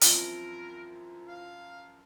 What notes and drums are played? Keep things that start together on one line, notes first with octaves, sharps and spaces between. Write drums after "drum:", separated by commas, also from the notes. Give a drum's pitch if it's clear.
F#2 E3 F3 C4 E4 F4 A#4, drum: hi-hat
F5